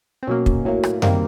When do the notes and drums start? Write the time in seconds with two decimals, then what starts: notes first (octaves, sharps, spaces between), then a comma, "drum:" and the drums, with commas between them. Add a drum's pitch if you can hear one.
0.23 C4
0.27 B2 F#3 A#3 C#4
0.46 drum: kick
0.65 A2 F#3 A#3
0.83 drum: rim click
1.02 D#3 G3 A#3 C4, drum: tom F#2